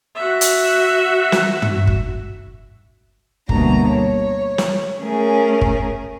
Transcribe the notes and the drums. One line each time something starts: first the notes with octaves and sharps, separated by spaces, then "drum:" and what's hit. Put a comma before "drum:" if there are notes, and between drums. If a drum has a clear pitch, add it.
F#4 E5
drum: hi-hat
drum: snare
drum: tom
drum: kick
D2 B2 G3 A#3 D4 A#5, drum: kick
C#5
drum: snare
A3 C#4 G#4 A#4
drum: kick